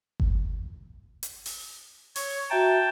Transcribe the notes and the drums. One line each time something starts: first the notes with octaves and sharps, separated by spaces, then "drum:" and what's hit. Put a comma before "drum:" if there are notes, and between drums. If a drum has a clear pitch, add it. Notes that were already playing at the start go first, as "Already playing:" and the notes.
drum: kick G1
drum: hi-hat
drum: open hi-hat
C#5, drum: open hi-hat
F#4 E5 G5 A5 A#5